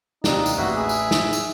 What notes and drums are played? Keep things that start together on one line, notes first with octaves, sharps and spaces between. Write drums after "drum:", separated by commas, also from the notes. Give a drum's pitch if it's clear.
D#2 C3 D4 D#4, drum: snare
drum: tambourine
A1 F#4 E5
G#4
drum: tambourine
drum: snare
drum: tambourine